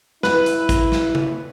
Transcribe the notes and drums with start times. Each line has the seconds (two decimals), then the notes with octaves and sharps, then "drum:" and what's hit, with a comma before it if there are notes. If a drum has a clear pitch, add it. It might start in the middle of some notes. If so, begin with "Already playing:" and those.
0.23 E4 B4, drum: snare
0.46 drum: hi-hat
0.69 drum: kick, hi-hat
0.92 drum: snare
1.15 drum: tom C#3